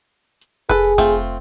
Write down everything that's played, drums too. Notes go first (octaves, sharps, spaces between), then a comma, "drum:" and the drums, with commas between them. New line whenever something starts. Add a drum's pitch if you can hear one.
drum: hi-hat
G#4 A4 B4, drum: kick F1, hi-hat
drum: open hi-hat
A3 C4 F4, drum: kick F1, hi-hat
drum: hi-hat